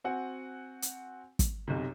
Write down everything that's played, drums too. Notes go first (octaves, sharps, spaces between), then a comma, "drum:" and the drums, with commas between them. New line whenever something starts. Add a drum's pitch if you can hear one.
C4 F#4 F#5 G#5
drum: hi-hat
drum: kick, hi-hat
B1 F#2 C3